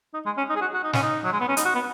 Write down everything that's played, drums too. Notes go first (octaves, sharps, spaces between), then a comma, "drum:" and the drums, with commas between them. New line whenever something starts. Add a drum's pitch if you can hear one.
D#4
G#3
C#4
D#4
G#4
F#4
F#4
D#4
C#4, drum: snare
D#4
F#3
G#3
B3
C#4
D#4, drum: hi-hat
F#4
B3